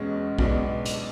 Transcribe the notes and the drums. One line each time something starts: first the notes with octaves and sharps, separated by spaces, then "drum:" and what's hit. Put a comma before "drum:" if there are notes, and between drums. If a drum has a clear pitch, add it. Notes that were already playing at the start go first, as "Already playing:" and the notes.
Already playing: E2 B2 G#3 C#4
B1 B2 G#3 B3 D4, drum: kick B1
drum: hi-hat